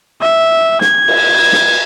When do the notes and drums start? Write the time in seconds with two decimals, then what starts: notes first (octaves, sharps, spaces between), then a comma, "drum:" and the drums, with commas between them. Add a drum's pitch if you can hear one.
0.21 E5
0.81 G#6, drum: snare
1.08 drum: cymbal
1.52 drum: snare